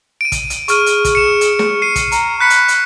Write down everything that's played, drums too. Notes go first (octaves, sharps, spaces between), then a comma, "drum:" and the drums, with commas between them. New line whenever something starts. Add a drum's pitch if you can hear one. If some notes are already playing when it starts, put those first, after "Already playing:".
D7 D#7
drum: kick, hi-hat
drum: hi-hat
G#4 C#6 F6 D#7, drum: hi-hat
drum: hi-hat
drum: kick, hi-hat
C#7 E7
drum: hi-hat
drum: snare
C7 D#7
drum: kick, hi-hat
A#5, drum: hi-hat
B5 F#6 B6 C#7
drum: hi-hat
drum: hi-hat